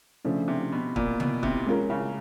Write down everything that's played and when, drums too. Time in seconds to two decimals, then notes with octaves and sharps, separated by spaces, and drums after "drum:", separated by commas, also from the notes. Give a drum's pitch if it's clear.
0.25 C#3 F3 A3 D4 F4
0.48 C3
0.72 B2
0.96 A#2, drum: kick
1.20 B2, drum: tom C3
1.43 C3, drum: kick
1.66 G#3 C#4 F4 A#4
1.90 C#3